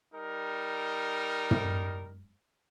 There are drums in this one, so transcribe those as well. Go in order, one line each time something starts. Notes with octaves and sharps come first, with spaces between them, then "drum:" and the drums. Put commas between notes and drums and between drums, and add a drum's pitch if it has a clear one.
G3 D#4 A#4
drum: tom